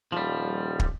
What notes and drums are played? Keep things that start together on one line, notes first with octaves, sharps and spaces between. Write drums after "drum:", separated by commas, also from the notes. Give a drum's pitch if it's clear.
D#1 F3 G3
drum: kick